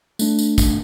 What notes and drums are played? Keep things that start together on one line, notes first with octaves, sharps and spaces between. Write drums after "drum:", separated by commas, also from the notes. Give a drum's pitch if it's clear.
A3 D4, drum: tambourine
drum: tambourine
drum: kick, tambourine